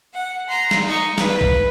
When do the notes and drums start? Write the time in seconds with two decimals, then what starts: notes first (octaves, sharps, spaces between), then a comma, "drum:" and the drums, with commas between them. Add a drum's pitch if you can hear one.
0.14 F#5
0.48 A#5 C6
0.71 drum: snare
0.86 D#4 C#6
1.18 B4, drum: snare
1.41 drum: kick A#1